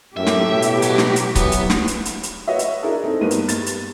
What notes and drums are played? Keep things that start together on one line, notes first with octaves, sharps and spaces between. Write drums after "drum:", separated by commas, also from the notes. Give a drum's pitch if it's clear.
F#2 A2 G4 E5
drum: snare
B2
drum: hi-hat
F#3, drum: hi-hat
drum: snare
drum: hi-hat
E3 F#3 B3, drum: kick C#1, hi-hat
drum: hi-hat
drum: snare
drum: hi-hat
drum: hi-hat
drum: hi-hat
F#4 B4 C#5 D#5 E5
drum: hi-hat
D4 E4 G#4 A#4
C4 D#4 A4
G2 A#3 B3 D#4 B4 D#7
drum: hi-hat
A6, drum: hi-hat
drum: hi-hat